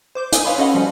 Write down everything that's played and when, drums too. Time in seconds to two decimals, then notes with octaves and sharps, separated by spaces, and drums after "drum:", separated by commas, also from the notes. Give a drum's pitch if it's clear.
0.15 C5 D6 G6
0.32 F5 G#5 D#6 E6, drum: hi-hat
0.44 B4 C#5 F5 G#5 B5 C6
0.58 C#4 F#4 A4 D#5 F5 F#5
0.74 F3 G3 C#4